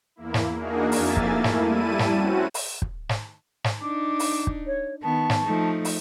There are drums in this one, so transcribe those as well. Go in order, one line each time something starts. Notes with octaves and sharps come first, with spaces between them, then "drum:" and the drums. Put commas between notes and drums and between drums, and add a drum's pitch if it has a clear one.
E2 A#3 E4
drum: snare
A#3 D4 D#4 F#4 G#4 A#4
F2 A#3 E5 G#5 A6, drum: open hi-hat
drum: kick
A3 A#3 E4
drum: snare
G3 E4 A5 D#7
drum: snare
C4 C#4 F#4
drum: open hi-hat
drum: kick
drum: snare
drum: snare
D4 D#4 D6
drum: open hi-hat
drum: kick
C#5
D#3 B3 A5 C#6
drum: snare
F3 A3 D#4
drum: open hi-hat